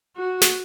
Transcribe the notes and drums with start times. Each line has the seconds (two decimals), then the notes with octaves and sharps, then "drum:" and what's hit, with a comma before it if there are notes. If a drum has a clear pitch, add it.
0.16 F#4
0.42 drum: snare